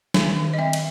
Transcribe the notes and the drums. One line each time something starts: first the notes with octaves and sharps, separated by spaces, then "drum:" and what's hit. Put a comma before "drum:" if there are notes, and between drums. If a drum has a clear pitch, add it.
D#3, drum: snare
D#3
D#5
C4 E5
drum: cymbal